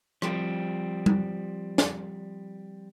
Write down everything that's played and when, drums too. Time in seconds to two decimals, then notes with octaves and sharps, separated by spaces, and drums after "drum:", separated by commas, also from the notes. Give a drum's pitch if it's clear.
0.22 F3 G3 C4, drum: rim click
1.06 drum: tom G3
1.78 drum: snare